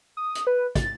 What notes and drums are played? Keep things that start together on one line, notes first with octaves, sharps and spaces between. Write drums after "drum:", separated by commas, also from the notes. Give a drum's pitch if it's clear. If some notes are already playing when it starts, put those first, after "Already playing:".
D#6
drum: hi-hat
B4
A6, drum: kick, hi-hat